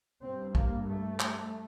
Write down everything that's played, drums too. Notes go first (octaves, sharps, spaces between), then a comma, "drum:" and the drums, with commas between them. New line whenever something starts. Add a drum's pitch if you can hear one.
G2 C4
A#3, drum: kick
A3
drum: clap